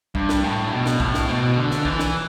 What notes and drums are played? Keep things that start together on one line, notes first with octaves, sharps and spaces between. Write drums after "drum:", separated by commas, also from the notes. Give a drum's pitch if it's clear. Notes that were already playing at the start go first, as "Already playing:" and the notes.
G2, drum: kick
drum: snare
A2
B2
drum: snare
A2, drum: kick
drum: snare
B2
D3
drum: snare
E3, drum: kick
drum: snare